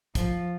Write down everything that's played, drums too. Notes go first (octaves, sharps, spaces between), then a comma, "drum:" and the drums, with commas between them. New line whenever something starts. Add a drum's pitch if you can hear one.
F3, drum: kick, hi-hat